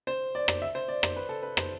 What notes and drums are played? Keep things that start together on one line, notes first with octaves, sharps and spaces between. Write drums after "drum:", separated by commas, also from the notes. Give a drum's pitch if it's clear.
C5
D5
drum: rim click
E5
C5
D5
C5, drum: rim click
B4
A4
B4
C5, drum: rim click